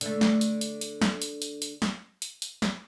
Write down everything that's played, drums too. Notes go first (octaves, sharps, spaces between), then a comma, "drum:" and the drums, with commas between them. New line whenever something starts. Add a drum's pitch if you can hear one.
D3 A3, drum: hi-hat
drum: snare
drum: hi-hat
drum: hi-hat
drum: hi-hat
drum: snare
drum: hi-hat
drum: hi-hat
drum: hi-hat
drum: snare
drum: hi-hat
drum: hi-hat
drum: snare